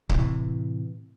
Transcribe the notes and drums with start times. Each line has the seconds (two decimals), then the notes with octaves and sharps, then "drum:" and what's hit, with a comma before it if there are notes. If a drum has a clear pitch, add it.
0.09 A2 C3 E3, drum: kick C#1